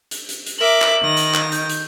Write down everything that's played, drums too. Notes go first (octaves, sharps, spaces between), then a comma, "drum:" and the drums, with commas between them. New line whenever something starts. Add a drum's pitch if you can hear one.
drum: hi-hat
drum: hi-hat
drum: hi-hat
A#4 E5 D6 F#7
drum: clap
D#3 A#6
drum: hi-hat
drum: clap
G6, drum: hi-hat
drum: hi-hat